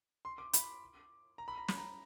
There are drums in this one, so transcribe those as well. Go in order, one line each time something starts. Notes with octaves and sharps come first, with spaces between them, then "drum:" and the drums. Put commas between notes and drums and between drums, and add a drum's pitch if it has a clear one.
C6
D6
B5, drum: hi-hat
A#5
B5
A#5
B5, drum: snare
A#5